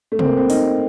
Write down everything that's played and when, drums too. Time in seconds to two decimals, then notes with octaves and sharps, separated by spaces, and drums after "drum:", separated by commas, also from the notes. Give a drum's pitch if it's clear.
0.12 A3
0.19 C4, drum: tom C3
0.25 A#3
0.37 C4
0.50 D#4, drum: open hi-hat